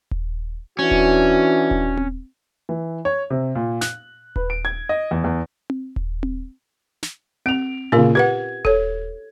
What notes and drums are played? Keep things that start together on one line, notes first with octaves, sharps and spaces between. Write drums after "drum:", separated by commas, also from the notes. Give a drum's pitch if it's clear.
drum: kick D#1
E3 C#4 D4 F#4
drum: kick D#1
drum: kick D#1
drum: tom C4
E3
C#5
C3
A#2
F#6, drum: snare
B4, drum: kick D#1
D7
G#6
D#5
E2
E2
drum: tom C4
drum: kick D#1
drum: tom C4
drum: snare
C4 D7 F7
A#2 C#3 C#4 F4 A#4
G4 B4 F#5 G#6
A4 C#5, drum: kick D#1